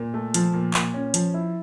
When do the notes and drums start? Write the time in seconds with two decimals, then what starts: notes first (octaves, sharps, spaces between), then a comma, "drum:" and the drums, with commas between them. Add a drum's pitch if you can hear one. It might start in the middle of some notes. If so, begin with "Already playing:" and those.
Already playing: A#2
0.14 A3
0.34 F3, drum: hi-hat
0.53 A#2
0.74 A#2, drum: clap
0.94 C#4
1.14 F3, drum: hi-hat
1.34 E4